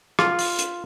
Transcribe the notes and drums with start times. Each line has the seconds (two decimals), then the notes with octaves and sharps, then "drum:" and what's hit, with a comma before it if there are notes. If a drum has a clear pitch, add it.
0.19 F4, drum: rim click
0.39 drum: open hi-hat
0.59 drum: hi-hat